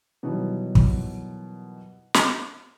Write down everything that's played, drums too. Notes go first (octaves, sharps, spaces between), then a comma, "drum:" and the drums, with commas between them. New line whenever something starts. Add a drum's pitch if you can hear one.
B2 D#3 E3 F#3 G3 B3
drum: kick
drum: snare